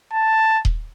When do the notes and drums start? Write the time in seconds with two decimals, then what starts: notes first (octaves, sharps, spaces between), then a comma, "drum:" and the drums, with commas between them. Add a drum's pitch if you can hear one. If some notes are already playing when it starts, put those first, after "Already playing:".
0.13 A5
0.65 drum: kick D#1